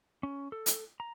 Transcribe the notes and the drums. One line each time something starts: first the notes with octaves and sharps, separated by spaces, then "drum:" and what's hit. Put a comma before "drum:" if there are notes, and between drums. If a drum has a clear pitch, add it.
C#4
A4
drum: hi-hat
A#5